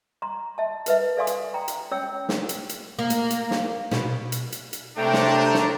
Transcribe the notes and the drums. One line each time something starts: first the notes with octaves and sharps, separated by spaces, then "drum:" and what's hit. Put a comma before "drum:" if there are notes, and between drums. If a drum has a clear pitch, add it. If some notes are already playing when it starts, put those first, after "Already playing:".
A#5 C6
E5 A5
A#4 B4 E5, drum: hi-hat
A4 D5 F5 G#5 C6 D#6
drum: hi-hat
G5 A#5
drum: hi-hat
C#4 C#5 G5 E6
drum: snare
drum: hi-hat
drum: hi-hat
A#3
drum: hi-hat
drum: hi-hat
drum: snare
B2, drum: snare
drum: hi-hat
drum: hi-hat
drum: hi-hat
C3 A3 D4 C5 C#5 G5 A#5
drum: snare
drum: snare